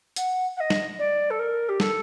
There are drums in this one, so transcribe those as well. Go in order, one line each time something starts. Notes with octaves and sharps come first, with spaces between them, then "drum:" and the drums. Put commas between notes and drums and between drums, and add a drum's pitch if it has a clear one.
F#5, drum: hi-hat
F#5
D#5
drum: snare
D5
A4
A#4
G4
A4, drum: snare